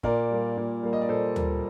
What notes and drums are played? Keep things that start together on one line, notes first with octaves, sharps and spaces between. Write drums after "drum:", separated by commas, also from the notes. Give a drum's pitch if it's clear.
A#2 A#4 D5, drum: kick
G3 A#3
A#2
G3 A#3
D#5
D5
A#2 A4 C5
G3 A#3, drum: tom D2